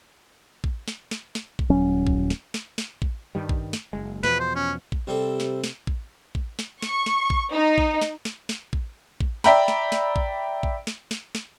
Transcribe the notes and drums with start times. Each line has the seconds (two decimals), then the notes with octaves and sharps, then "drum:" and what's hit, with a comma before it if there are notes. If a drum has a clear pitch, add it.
0.64 drum: kick
0.88 drum: snare
1.11 drum: snare
1.35 drum: snare
1.59 drum: kick
1.70 D#1 F#3 C#4
2.07 drum: kick
2.30 drum: snare
2.54 drum: snare
2.78 drum: snare
3.02 drum: kick
3.35 G2 D#3 G3
3.49 drum: kick
3.73 drum: snare
3.93 F#1 G#3
4.23 E2 B2 F3 B4, drum: snare
4.39 C5
4.55 C#4
4.92 drum: kick
5.07 C3 G3 C4 A4
5.40 drum: snare
5.64 drum: snare
5.87 drum: kick
6.35 drum: kick
6.59 drum: snare
6.82 C#6, drum: snare
7.06 drum: snare
7.30 drum: kick
7.52 D#4
7.78 drum: kick
8.02 drum: snare
8.25 drum: snare
8.49 drum: snare
8.73 drum: kick
9.21 drum: kick
9.44 D5 E5 G5 A#5 B5, drum: snare
9.68 drum: snare
9.92 drum: snare
10.16 drum: kick
10.63 drum: kick
10.87 drum: snare
11.11 drum: snare
11.35 drum: snare